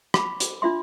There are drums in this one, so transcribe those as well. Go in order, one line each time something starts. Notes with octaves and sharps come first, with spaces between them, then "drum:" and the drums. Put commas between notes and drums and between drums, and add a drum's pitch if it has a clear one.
B5 D6, drum: rim click
drum: hi-hat
D4 F4 E5 C6